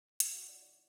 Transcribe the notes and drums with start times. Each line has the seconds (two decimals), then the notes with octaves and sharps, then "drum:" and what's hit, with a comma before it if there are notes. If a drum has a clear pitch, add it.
0.20 E5, drum: hi-hat
0.34 F#4 F#5
0.49 D5
0.62 D5